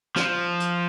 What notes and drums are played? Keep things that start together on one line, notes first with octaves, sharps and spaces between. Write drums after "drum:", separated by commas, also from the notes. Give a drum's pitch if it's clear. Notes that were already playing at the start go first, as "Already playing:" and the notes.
F3, drum: snare
drum: hi-hat